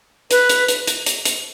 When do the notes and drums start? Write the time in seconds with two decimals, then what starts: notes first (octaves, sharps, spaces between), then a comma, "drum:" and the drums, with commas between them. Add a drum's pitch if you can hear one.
0.31 B4, drum: hi-hat
0.49 drum: hi-hat
0.68 drum: hi-hat
0.87 drum: hi-hat
1.06 drum: hi-hat
1.25 drum: hi-hat